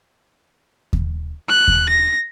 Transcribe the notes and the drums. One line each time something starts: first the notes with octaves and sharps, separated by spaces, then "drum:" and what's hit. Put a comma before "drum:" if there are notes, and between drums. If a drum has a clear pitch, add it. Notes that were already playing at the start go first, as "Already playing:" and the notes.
drum: kick D#2
F#6
drum: kick D#2
A#6